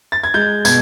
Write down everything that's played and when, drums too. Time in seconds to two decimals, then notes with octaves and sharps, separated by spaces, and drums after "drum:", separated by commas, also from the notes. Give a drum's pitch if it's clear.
0.12 A6
0.24 G#6
0.34 G#3 G6
0.65 B2 G#6, drum: tambourine